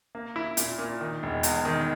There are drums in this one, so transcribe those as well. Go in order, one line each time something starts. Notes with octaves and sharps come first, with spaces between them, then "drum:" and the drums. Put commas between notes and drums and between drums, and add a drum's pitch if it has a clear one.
A#3
E4
A#2, drum: hi-hat
A#2
D#3
E1
E2, drum: hi-hat
D#3